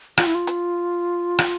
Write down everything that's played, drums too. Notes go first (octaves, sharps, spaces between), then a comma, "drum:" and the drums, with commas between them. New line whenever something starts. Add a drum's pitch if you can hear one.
F4, drum: rim click
E4
F4
drum: hi-hat
drum: rim click